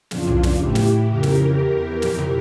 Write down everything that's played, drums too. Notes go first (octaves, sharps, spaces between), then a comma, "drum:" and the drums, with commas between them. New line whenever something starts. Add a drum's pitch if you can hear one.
F2 C#3 E3 D4 F4, drum: snare
drum: tom B1
drum: snare
A2 E3 E4 G4, drum: kick G1
drum: snare
F2 C#3 E3 G4 A#4
drum: snare
E2 E3
F2 E3 G4 A#4, drum: snare
drum: tom